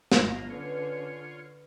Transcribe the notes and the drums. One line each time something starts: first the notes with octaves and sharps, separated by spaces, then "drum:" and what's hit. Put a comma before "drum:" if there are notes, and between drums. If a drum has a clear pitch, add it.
G1 A#3 F4, drum: snare
D3 C#4 F4 B4 C#5